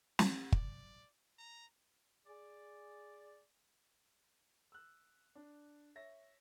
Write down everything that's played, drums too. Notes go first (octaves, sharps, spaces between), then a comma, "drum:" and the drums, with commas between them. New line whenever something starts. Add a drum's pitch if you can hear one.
drum: snare
D5, drum: kick
A#5
G#4 D5
E6 F#6
D4
C#5 E5 A#6